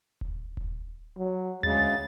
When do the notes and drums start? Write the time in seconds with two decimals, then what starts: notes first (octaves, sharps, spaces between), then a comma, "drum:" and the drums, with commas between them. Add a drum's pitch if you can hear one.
0.21 drum: kick D#1
0.57 drum: kick D#1
1.17 F#3
1.63 D2 C#3 G#3 A6, drum: tom D#2